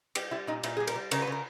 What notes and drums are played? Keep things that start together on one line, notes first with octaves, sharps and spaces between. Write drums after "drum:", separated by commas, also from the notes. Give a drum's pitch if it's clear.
G3 G4, drum: cymbal
G3 E4
A#2 D#4
A#2 E4, drum: cymbal
G3 G#4
A#4, drum: cymbal
G3
C#3 A#4, drum: cymbal
B4
C#3 A#4